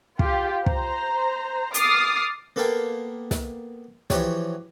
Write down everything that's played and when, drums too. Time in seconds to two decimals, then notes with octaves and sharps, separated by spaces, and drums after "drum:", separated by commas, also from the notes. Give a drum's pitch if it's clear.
0.19 F4 G4, drum: kick
0.66 C5 A#5, drum: kick
1.74 D6 D#6 F6 A6 C7, drum: hi-hat
2.56 A#3 B3 A4 F5 G5
3.31 drum: snare
4.10 E3 F3 F#4 G4 C#5, drum: snare